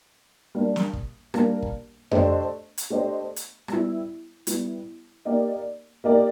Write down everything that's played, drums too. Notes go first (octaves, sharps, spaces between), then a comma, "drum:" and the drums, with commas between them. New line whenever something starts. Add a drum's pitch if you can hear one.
G3 A#3 D4
drum: snare
drum: kick
G3 A#3 D4, drum: rim click
drum: kick
A3 D4 G4 C5 D#5, drum: tom F2
drum: hi-hat
A3 D4 G4 C5 D#5
drum: hi-hat
G3 B3 E4, drum: rim click
G3 B3 E4, drum: hi-hat
A#3 D#4 G4 A#4 D5
A#3 D#4 G4 A#4 D5